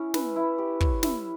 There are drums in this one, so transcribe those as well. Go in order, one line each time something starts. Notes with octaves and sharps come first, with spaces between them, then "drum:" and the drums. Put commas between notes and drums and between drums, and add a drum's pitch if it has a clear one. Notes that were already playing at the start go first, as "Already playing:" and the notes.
Already playing: C#4 E4
B4, drum: snare
E4
G4
C#5, drum: kick
E4, drum: snare